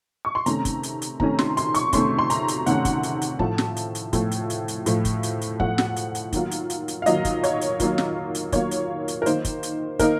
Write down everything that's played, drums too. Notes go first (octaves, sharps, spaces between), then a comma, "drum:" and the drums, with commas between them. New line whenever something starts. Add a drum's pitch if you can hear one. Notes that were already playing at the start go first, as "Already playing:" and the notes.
C#6
C6
C3 D#3 A3 C#4 A#5, drum: hi-hat
drum: kick, hi-hat
drum: hi-hat
drum: hi-hat
C3 D#3 A3 C#4 A#5, drum: kick
C6, drum: snare
C6, drum: hi-hat
C#6, drum: hi-hat
C3 D#3 A3 C#4 C6, drum: kick, hi-hat
C6
A#5, drum: hi-hat
drum: hi-hat
C3 D#3 A3 C#4 F#5, drum: hi-hat
drum: kick, hi-hat
drum: hi-hat
drum: hi-hat
A2 F3 A3 A5, drum: kick
drum: snare
drum: hi-hat
drum: hi-hat
A2 F3 A3, drum: kick, hi-hat
drum: hi-hat
drum: hi-hat
drum: hi-hat
A2 F3 A3, drum: hi-hat
drum: kick, hi-hat
drum: hi-hat
drum: hi-hat
A2 F3 A3 F#5, drum: kick
drum: snare
drum: hi-hat
drum: hi-hat
D#3 F#3 A#3 F4, drum: kick, hi-hat
drum: hi-hat
drum: hi-hat
drum: hi-hat
F5
D#3 F#3 A#3 F4 D#5, drum: hi-hat
drum: kick, hi-hat
C#5, drum: hi-hat
drum: hi-hat
D#3 F#3 A#3 F4, drum: kick, hi-hat
drum: snare
drum: hi-hat
D#3 F#3 A#3 F4 C#5, drum: kick, hi-hat
drum: hi-hat
drum: hi-hat
A#4
D#3 A#3 D#4 C5, drum: hi-hat
drum: kick, hi-hat
drum: hi-hat
D#3 A#3 D#4 A#4, drum: kick, hi-hat